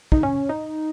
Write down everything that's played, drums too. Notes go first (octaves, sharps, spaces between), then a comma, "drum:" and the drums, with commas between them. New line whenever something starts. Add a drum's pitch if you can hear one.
D#4, drum: kick
C#4
D#4